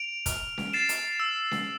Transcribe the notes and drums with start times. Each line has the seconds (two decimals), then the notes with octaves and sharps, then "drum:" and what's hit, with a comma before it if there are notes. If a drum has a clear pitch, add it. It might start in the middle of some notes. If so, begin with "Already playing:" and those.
Already playing: D7 F7
0.26 F6, drum: kick, hi-hat
0.58 drum: snare C#4
0.73 A6 C7 E7
0.89 drum: hi-hat
1.20 E6
1.51 drum: snare C#4